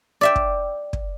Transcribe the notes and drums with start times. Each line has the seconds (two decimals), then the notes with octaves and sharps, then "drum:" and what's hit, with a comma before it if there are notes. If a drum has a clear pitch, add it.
0.21 D5 E5 G5
0.36 drum: kick
0.93 drum: kick